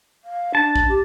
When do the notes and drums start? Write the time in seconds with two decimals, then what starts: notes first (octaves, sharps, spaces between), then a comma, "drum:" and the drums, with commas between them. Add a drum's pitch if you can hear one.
0.24 F5
0.55 D4 A5
0.76 drum: kick A#1
0.89 G4